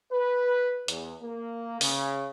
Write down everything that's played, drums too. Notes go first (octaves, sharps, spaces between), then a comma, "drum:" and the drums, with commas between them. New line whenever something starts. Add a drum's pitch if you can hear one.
B4
E2, drum: hi-hat
A#3
C#3, drum: open hi-hat